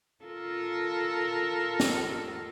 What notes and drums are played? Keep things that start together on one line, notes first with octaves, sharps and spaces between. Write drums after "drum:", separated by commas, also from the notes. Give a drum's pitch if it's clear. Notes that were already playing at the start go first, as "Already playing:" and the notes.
F4 A4 A#4
drum: snare